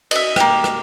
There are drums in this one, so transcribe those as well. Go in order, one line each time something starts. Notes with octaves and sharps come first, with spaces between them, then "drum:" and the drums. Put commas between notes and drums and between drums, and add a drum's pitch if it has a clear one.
D#5 E5, drum: cymbal
A#3 G4, drum: rim click
drum: rim click